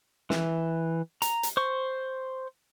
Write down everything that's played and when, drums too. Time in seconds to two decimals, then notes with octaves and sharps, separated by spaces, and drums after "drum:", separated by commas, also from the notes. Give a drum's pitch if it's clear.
0.30 E3, drum: snare
1.22 A#5, drum: hi-hat
1.43 drum: hi-hat
1.57 C5 C#6